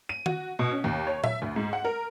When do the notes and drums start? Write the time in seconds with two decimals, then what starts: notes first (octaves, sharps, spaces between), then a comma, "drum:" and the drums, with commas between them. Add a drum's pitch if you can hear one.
0.09 D#7
0.26 F#4, drum: tom
0.59 B2
0.71 C#4
0.84 D#2
1.07 C#5
1.24 E5, drum: tom A#2
1.42 D2
1.56 G#2
1.73 F#5
1.85 A#4